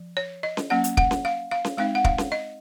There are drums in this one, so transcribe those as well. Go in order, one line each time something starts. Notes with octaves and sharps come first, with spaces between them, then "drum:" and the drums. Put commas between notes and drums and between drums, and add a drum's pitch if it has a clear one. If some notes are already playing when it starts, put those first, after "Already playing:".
Already playing: F3
C#5
D#5
drum: snare C#4
F#3 A#3 C#4 F#5
drum: hi-hat
F#5, drum: kick
drum: snare C#4
F5
F5
drum: snare C#4
G#3 C4 D#4 F5
F#5
F5, drum: kick
drum: snare C#4
D#5